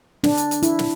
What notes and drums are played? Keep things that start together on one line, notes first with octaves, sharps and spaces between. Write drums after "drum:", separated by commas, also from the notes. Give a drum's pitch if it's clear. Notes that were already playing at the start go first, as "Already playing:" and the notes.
D4, drum: snare
drum: hi-hat
drum: hi-hat
E4, drum: hi-hat
drum: snare